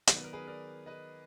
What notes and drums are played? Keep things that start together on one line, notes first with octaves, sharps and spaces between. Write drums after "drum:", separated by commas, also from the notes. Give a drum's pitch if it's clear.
D#3 F#3 B3 D5, drum: hi-hat
B4
A#4
G#4 B4
A#4 D5
B4 D#5